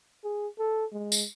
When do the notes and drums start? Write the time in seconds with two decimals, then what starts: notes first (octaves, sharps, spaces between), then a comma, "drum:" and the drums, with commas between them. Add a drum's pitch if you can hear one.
0.24 G#4
0.59 A4
0.92 G#3
1.12 drum: tambourine